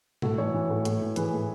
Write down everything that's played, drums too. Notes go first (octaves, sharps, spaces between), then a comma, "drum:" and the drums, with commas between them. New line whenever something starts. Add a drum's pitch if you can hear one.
A2 F#4 A4, drum: tom B2
E3 A4 C#5
E3
A2
A2, drum: hi-hat
E3
E3 G#4 B4, drum: hi-hat
A2